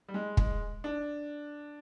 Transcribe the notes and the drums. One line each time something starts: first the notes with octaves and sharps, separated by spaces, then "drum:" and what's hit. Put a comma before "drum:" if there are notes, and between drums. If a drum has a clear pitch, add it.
G3
G#3
G#3, drum: kick
D4